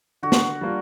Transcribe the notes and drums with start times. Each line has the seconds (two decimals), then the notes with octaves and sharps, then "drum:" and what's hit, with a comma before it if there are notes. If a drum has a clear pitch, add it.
0.23 D3 F#4
0.32 drum: snare
0.61 G3 A#3 D4 F4